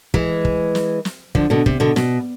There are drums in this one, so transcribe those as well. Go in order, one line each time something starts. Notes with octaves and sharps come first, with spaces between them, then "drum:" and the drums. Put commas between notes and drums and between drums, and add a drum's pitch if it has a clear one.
E3 G#3, drum: kick
drum: kick
drum: snare
drum: snare
D3 F3, drum: kick
B2 D3
C3, drum: kick
B2 D3
B2, drum: snare